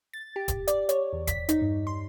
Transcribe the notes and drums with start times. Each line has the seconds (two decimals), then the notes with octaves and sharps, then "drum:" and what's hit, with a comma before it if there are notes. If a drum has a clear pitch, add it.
0.13 A6
0.36 G4
0.48 drum: kick, hi-hat
0.67 D5, drum: hi-hat
0.89 C#5, drum: hi-hat
1.13 E2
1.27 B6, drum: kick, hi-hat
1.49 D#4, drum: hi-hat
1.62 G2
1.87 C6